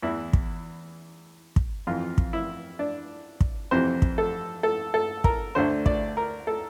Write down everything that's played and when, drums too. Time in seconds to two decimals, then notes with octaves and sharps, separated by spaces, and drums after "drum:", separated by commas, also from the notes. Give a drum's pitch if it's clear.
0.03 E2 E3 E4
0.33 drum: kick
1.56 drum: kick
1.87 F2 E3 F4
2.18 drum: kick
2.33 E4
2.79 D4
3.41 drum: kick
3.71 F2 C3 E3 C5
4.02 drum: kick
4.18 A4
4.63 A4
4.94 A4
5.24 A#4, drum: kick
5.55 D2 D3 C5
5.86 D5, drum: kick
6.17 A#4
6.47 A4